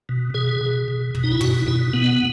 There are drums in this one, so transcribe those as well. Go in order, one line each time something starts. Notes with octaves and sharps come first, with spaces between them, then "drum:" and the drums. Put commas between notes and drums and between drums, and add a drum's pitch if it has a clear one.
B2
B2 G#4
B2
B2
B2, drum: kick
D#4
E4
B2 F#4, drum: tom
B2 E4
B2 B3